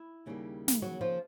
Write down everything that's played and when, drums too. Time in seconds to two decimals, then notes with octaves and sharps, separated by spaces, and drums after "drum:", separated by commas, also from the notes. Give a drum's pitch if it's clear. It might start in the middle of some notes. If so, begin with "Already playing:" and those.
Already playing: E4
0.26 D#2 C#3 E3 G3 A#3
0.68 drum: snare
0.82 F#3 F#4
1.01 F3 F4